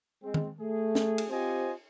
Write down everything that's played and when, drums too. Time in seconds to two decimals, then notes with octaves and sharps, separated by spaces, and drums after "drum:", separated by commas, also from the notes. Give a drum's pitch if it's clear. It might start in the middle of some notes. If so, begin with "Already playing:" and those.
0.23 G#3 C4
0.34 drum: tom D#3
0.60 A3 G#4
0.95 drum: snare
1.18 drum: cymbal
1.30 C4 F4 G4 C5 D#5 G#5